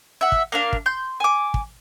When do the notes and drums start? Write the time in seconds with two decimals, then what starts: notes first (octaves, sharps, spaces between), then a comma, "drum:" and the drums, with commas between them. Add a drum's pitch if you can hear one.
0.21 E5 F#5
0.32 drum: kick
0.52 A#3 D4 F5
0.73 drum: kick
0.86 C6 G6
1.20 G#5 D6
1.54 drum: kick